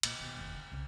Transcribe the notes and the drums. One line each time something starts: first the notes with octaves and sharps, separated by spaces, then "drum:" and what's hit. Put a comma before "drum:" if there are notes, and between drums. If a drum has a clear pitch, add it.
A#2 A#3, drum: cymbal
D#2 B2
F1 D#2
D3
C2 C#3